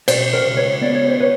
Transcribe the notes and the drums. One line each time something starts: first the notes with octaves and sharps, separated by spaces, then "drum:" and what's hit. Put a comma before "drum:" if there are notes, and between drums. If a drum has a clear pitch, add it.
B2 C5 D5, drum: cymbal
A#4 C5
C#2
B4 C#5
B3 D5
C#5
C5
B4 C#5